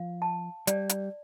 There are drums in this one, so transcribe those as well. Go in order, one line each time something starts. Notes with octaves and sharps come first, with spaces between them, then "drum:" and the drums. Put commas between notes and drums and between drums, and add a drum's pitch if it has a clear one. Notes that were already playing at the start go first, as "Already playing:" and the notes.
Already playing: F3 F5
A5
G3 D5, drum: hi-hat
drum: hi-hat